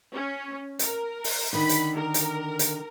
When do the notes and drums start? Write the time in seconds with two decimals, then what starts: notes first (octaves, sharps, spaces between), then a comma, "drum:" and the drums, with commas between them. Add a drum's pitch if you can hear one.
0.14 C#4
0.79 A#4, drum: hi-hat
1.24 drum: open hi-hat
1.53 D3 D#3 B5
1.69 drum: hi-hat
1.96 A#4
2.14 drum: hi-hat
2.59 drum: hi-hat